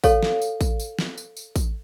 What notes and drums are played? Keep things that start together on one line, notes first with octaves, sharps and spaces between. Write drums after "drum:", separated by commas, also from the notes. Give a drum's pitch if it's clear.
A4 C#5 F5, drum: kick, tambourine
drum: snare
drum: tambourine
drum: kick, tambourine
drum: tambourine
drum: snare
drum: tambourine
drum: tambourine
drum: kick, tambourine